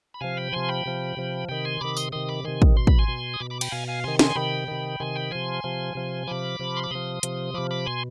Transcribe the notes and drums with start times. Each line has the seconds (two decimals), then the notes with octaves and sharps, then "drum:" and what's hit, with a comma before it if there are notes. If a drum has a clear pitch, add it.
0.14 B5
0.21 C3 F3 F5 G#5
0.37 G5 B5
0.53 C3 F3 G#5 C6
0.69 G5 B5
0.86 C3 F3
1.17 C3 F3
1.49 C3 D#3 G5 B5
1.65 G#5 C6
1.81 C3 D#3 B5 D6
1.97 C6 D#6, drum: tambourine
2.12 C3 D#3 C6 D#6
2.29 B5 D6
2.44 C3 D#3 G#5 C6
2.62 drum: kick
2.76 B2 C6
2.87 B5, drum: kick
2.99 G#5 C6
3.08 B2
3.34 D#6
3.40 B2 B5 D6
3.50 B5 D6
3.61 G5 B5, drum: cymbal
3.72 B2 F5 G#5
3.88 F5 G#5
4.04 C3 D#3 G#5 C6
4.19 G#5 C6, drum: snare
4.35 C3 D#3 G5 B5
4.68 C3 D#3
5.00 C3 D#3 G#5 C6
5.16 G5 B5
5.31 C3 F3 G#5 C6
5.64 C3 F3
5.95 C3 F3
6.27 C3 F3 B5 D6
6.59 C3 F3
6.77 C6
6.84 D6
6.91 C3 F3 C6 D#6
7.23 C3 F3, drum: hi-hat
7.54 C3 F3 B5 D6
7.71 B5 D6
7.86 B2 G#5 C6